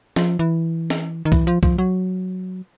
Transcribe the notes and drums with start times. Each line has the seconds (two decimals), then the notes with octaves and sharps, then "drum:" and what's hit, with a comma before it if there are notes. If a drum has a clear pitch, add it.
0.16 F3, drum: snare
0.39 E3, drum: tambourine
0.90 drum: snare
1.25 D#3
1.32 E3, drum: kick
1.47 F3
1.63 F3, drum: kick
1.78 F#3